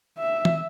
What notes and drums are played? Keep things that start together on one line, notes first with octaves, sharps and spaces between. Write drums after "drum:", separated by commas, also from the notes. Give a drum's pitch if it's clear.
E5
drum: tom E3